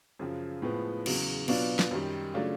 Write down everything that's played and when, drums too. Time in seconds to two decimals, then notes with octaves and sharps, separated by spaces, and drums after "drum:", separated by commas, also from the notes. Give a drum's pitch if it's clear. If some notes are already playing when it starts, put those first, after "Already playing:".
0.19 F#2 C#3 F3
0.62 A2 F3 G#3 B3
1.06 E2 C#3 F#3, drum: cymbal
1.48 B2 F#3 B3 D4 F4, drum: cymbal
1.79 drum: snare
1.91 F#2 D#3 G3
2.34 C#3 F#3 A3 D4 F4